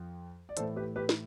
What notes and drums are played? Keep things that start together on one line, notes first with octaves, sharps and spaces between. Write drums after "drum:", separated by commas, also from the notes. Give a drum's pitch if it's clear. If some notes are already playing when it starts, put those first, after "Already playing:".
Already playing: F2 F3
D5
A2 E3 A4 C5, drum: hi-hat
G4 B4
G4 B4
drum: snare